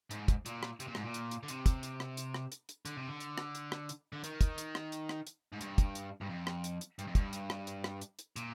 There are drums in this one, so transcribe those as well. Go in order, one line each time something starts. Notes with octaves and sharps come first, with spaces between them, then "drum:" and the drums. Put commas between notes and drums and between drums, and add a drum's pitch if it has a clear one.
G#2, drum: hi-hat
drum: kick, hi-hat
A#2, drum: hi-hat
drum: rim click
C3, drum: hi-hat
A#2
G#2, drum: rim click
A#2
drum: hi-hat
drum: hi-hat
D3
C3, drum: hi-hat
drum: kick, hi-hat
drum: hi-hat
drum: rim click
drum: hi-hat
drum: rim click
drum: hi-hat
drum: hi-hat
D3, drum: hi-hat
C3
D3
drum: hi-hat
drum: rim click
drum: hi-hat
drum: rim click
drum: hi-hat
D3
D#3, drum: hi-hat
drum: kick, hi-hat
drum: hi-hat
drum: rim click
drum: hi-hat
drum: rim click
drum: hi-hat
G#2
G2, drum: hi-hat
drum: kick, hi-hat
drum: hi-hat
G2
F2
drum: rim click
drum: hi-hat
drum: hi-hat
G2, drum: hi-hat
F2
G2, drum: kick, hi-hat
drum: hi-hat
drum: rim click
drum: hi-hat
drum: rim click
drum: hi-hat
drum: hi-hat
A#2, drum: hi-hat